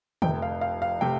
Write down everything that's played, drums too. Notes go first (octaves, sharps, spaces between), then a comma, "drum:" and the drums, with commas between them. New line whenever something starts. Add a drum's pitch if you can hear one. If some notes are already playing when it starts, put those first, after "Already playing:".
F1 F2 C3 A3 G5, drum: tom D3
F5
F5
F5
C3 A3 G5